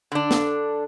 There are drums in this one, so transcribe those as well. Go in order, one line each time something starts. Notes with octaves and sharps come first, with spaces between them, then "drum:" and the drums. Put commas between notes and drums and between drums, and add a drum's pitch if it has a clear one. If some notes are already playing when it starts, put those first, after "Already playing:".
D3 D4
drum: snare